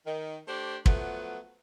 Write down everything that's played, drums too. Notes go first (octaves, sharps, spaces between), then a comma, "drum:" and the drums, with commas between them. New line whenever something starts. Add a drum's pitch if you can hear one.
D#3
A3 D4 G4 C5
F3 F#3 A3 B3, drum: kick